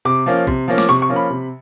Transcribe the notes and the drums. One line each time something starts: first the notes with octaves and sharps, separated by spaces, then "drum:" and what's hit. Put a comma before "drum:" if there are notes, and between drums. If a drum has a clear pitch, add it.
C3 D6
F3 A#3 C#4
C3, drum: kick
F3 A#3 C#4
D6, drum: snare
C3 C#6
C#6
F3 A#3 C#4
B5
C3